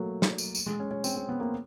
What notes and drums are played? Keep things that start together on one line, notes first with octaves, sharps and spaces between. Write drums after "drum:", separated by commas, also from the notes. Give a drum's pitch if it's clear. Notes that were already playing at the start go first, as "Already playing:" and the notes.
Already playing: F#3 A3 A#3
drum: snare
drum: tambourine
drum: tambourine
G#3
C#4
C#4
C4, drum: tambourine
C4
B3
A#3